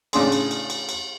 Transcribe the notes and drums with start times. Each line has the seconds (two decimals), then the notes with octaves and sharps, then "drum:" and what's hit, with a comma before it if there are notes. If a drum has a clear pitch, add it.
0.13 A2 C#3 D4 G#4 C6, drum: cymbal
0.32 drum: cymbal
0.51 drum: cymbal
0.70 drum: cymbal
0.89 drum: cymbal